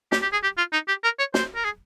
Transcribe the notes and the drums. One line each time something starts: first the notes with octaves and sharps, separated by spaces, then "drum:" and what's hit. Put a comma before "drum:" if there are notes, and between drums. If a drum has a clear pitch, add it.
G4, drum: snare
G4
G#4
G4
F4
D#4
G4
A#4
C#5
C5, drum: snare
A#4
G#4